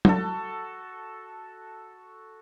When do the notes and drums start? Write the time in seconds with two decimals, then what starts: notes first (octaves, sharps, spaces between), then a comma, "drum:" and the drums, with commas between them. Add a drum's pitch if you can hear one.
0.05 F#4 A4, drum: tom